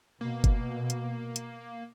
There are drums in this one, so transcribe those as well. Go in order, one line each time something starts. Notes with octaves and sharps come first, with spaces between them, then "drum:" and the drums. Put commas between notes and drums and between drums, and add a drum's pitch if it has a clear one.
B2 A#3
drum: kick F#1, hi-hat
drum: hi-hat
drum: hi-hat